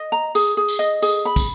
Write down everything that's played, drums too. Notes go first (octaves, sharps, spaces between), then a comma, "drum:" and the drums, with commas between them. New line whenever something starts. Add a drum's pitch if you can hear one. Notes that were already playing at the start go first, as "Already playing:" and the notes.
Already playing: D#5
A#5
G#4, drum: tambourine
G#4
drum: tambourine
D#5
G#4, drum: tambourine
B5
drum: kick, tambourine